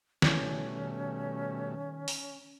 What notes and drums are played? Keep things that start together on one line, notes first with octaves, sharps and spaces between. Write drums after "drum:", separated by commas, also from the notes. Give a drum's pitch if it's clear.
B2 D#3 G3 A3 C#4, drum: snare
drum: open hi-hat